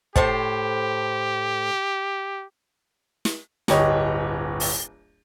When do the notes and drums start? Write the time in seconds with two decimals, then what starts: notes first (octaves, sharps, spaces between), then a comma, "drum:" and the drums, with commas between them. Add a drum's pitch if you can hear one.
0.16 A2 G4 C5 A5, drum: kick
3.25 drum: snare
3.68 D1 G1 G4 C#5 D#5, drum: snare
4.60 drum: open hi-hat